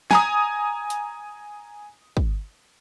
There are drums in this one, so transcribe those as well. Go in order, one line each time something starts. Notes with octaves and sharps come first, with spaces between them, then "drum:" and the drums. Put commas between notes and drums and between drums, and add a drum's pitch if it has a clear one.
G#5 A#5 D#6, drum: snare
drum: hi-hat
drum: kick